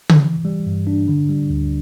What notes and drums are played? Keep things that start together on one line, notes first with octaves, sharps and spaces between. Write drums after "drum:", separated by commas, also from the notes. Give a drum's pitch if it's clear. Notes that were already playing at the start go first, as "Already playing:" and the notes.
drum: tom C#3
E3
G3
G2
D4
D3
G3
D2